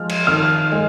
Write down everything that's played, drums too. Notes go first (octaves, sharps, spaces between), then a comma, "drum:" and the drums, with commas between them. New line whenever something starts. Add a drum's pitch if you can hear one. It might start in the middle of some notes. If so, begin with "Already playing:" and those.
Already playing: F3 G#3 F6
drum: cymbal
D#3 F6
G#3